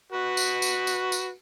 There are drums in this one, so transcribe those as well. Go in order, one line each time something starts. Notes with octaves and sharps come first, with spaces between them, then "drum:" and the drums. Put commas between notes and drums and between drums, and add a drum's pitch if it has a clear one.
F#4 B4
drum: tambourine
drum: tambourine
drum: tambourine
drum: tambourine